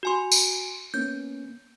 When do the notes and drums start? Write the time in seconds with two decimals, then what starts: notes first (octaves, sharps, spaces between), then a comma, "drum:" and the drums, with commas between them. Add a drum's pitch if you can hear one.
0.03 F#4 G#5 C6
0.32 drum: tambourine
0.94 A#3 B3 C#4 G6